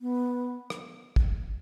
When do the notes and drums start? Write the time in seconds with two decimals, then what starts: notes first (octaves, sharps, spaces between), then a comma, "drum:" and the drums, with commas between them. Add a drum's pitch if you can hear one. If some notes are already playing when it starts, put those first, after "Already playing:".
0.01 B3
0.70 drum: rim click
1.16 drum: kick